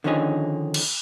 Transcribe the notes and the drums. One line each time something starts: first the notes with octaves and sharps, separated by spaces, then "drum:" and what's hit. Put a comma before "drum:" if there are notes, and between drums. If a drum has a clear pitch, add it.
D3 D#3 F3 C#4 D#4 G#4
drum: cymbal